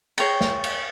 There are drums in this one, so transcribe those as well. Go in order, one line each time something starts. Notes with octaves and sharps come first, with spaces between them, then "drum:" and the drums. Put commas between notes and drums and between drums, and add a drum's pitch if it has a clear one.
G#4 C#5 G5 A#5, drum: cymbal
drum: snare
drum: cymbal